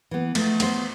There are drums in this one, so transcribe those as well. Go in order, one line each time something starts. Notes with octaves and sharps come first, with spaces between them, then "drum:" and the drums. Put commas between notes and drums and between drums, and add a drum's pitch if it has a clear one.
E3 B3
F3 A3, drum: cymbal
B3 F4 C5, drum: cymbal